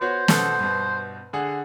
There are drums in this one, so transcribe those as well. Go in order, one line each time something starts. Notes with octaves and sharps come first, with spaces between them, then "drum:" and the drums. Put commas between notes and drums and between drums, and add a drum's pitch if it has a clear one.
B3 F#4 C5 C#5
B2 A4 F#5, drum: snare
G2 B2
D3 G#4 F#5